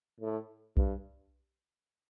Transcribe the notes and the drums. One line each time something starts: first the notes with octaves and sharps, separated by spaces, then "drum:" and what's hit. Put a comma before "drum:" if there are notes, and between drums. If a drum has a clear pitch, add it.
A2
G2, drum: kick B1